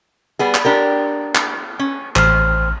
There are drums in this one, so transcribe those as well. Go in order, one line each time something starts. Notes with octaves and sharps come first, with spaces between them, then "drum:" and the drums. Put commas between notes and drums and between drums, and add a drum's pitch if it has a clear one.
G3 B3 G#4
drum: clap
D4 G4 A#4
drum: clap
C#4
A1 C5 F6, drum: clap